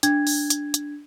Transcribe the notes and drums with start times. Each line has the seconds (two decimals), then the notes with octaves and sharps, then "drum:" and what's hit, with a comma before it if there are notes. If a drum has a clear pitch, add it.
0.03 D4 G#6, drum: hi-hat
0.27 drum: open hi-hat
0.50 drum: hi-hat
0.74 drum: hi-hat